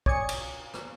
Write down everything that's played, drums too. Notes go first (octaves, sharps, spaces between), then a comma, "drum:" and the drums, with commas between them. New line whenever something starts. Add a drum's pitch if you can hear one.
C#5 D5 G#5 D#6 G#6 C#7, drum: kick
drum: cymbal
drum: rim click